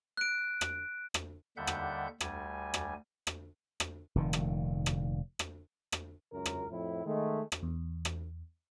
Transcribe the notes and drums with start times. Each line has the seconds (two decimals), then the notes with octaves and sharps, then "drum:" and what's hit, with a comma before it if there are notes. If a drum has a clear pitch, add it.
0.17 F#6 D7
0.61 drum: rim click
1.14 drum: rim click
1.57 D#2 D3 G3 E5 F#5 G6
1.67 drum: rim click
2.21 D2 G3 G#5, drum: rim click
2.74 drum: rim click
3.27 drum: rim click
3.80 drum: rim click
4.15 F1 A#2 D#3
4.33 drum: rim click
4.86 drum: rim click
5.39 drum: rim click
5.92 drum: rim click
6.32 C#2 F#2 A#4
6.46 drum: rim click
6.70 F2 A2 E4
7.06 D#3 G#3 A3
7.52 drum: rim click
7.63 E2
8.05 drum: rim click